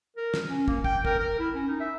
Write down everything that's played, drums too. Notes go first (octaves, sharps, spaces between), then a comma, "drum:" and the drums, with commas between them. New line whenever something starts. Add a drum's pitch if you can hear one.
A#4
drum: snare
C#4
A#3, drum: kick
G5, drum: kick
A#4, drum: kick
A#4
E4
C#4
D#4
E5